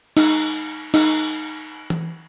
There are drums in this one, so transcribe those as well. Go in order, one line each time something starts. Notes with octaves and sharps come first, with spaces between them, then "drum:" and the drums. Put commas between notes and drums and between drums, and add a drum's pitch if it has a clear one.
D#4, drum: cymbal
D#4, drum: cymbal
drum: tom E3